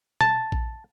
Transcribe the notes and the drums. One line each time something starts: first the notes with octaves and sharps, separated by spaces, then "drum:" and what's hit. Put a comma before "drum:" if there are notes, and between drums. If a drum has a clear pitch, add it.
A5, drum: tom
drum: kick A#1